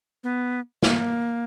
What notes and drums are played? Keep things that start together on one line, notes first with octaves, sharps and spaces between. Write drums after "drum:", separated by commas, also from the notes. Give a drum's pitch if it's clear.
B3
A#3, drum: snare